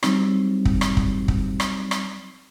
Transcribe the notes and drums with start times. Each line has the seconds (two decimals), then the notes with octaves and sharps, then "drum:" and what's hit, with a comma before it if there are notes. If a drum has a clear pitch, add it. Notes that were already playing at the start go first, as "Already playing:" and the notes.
0.03 F#3 G3 C4 D#4, drum: rim click
0.65 drum: kick
0.81 drum: rim click
0.97 drum: kick
1.28 drum: kick
1.60 drum: rim click
1.91 drum: rim click